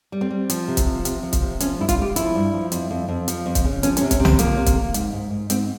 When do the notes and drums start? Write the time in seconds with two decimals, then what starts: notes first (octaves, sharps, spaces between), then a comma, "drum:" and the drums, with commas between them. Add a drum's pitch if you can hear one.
0.12 G3
0.21 C4
0.30 G3
0.50 F3, drum: hi-hat
0.68 C3
0.77 drum: kick, hi-hat
0.86 F3
1.05 C3, drum: hi-hat
1.23 F3
1.33 drum: kick, hi-hat
1.42 C3
1.60 F3 C#4, drum: hi-hat
1.79 G2 E4
1.89 F4, drum: kick, hi-hat
1.98 G#3 G4
2.16 F3 E4, drum: hi-hat
2.35 G2
2.53 F3
2.72 F2, drum: hi-hat
2.91 F2
3.08 F2
3.28 F3, drum: hi-hat
3.46 F2
3.55 drum: kick, hi-hat
3.65 C#3
3.83 F3 C#4, drum: hi-hat
3.97 C#4, drum: hi-hat
4.01 C3
4.11 C#4, drum: kick, hi-hat
4.20 C3
4.25 C4, drum: tom C2
4.39 F3 A#3, drum: hi-hat
4.57 C3
4.66 drum: kick, hi-hat
4.76 A#3
4.94 G#2, drum: hi-hat
5.13 G#2
5.31 G#2
5.50 G#2 C4, drum: hi-hat